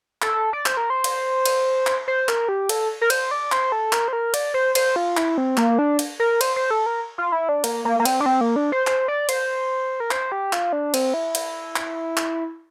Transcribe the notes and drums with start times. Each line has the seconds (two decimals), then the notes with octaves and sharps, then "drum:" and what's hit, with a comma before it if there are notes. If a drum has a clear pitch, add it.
0.22 A4, drum: clap
0.53 D5
0.66 C5, drum: clap
0.77 A#4
0.90 C5
1.04 drum: cymbal
1.46 drum: cymbal
1.87 drum: clap
2.08 C5
2.29 A#4, drum: clap
2.49 G4
2.69 A4, drum: cymbal
3.01 A#4
3.10 C5, drum: cymbal
3.31 D5
3.52 C5, drum: clap
3.72 A4
3.93 A#4, drum: clap
4.08 C5
4.13 A#4
4.34 D5, drum: cymbal
4.54 C5
4.75 C5, drum: cymbal
4.96 F4
5.17 E4, drum: clap
5.38 C4
5.57 A#3, drum: clap
5.79 D4
5.99 drum: cymbal
6.20 A#4
6.41 C5, drum: cymbal
6.56 C5
6.71 A4
6.86 A#4
7.18 F4
7.32 E4
7.49 D4
7.64 A#3, drum: cymbal
7.85 A#3
7.99 A#3
8.05 C4, drum: cymbal
8.20 D4
8.26 C4
8.41 A#3
8.56 D4
8.72 C5
8.87 C5, drum: clap
9.08 D5
9.29 C5, drum: cymbal
10.00 A#4
10.11 C5, drum: clap
10.32 G4
10.53 F4, drum: clap
10.73 D4
10.94 C4, drum: cymbal
11.14 E4
11.35 drum: cymbal
11.76 drum: clap
12.17 drum: clap